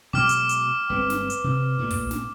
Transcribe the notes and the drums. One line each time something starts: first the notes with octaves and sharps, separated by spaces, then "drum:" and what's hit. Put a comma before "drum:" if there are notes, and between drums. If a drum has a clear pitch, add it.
B2 F#3 G#3 G5 D6 F6
drum: hi-hat
drum: hi-hat
G1 G#3 C4 B4
drum: snare
drum: hi-hat
C3
A#2 A3
drum: kick, open hi-hat
drum: snare